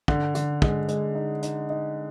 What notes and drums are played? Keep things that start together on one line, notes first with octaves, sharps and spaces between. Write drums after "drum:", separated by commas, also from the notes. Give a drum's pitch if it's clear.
D3, drum: kick
D3, drum: hi-hat
G#3, drum: kick
G#3, drum: hi-hat
D#4
D#4, drum: hi-hat
D#4